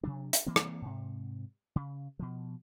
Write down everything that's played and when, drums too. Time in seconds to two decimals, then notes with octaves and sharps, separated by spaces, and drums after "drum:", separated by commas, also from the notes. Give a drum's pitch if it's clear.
0.03 C3 F#3 D4
0.33 drum: hi-hat
0.46 E3 A#3 C4
0.56 drum: rim click
0.82 G#2 C3
1.76 C#3
2.19 B2 F3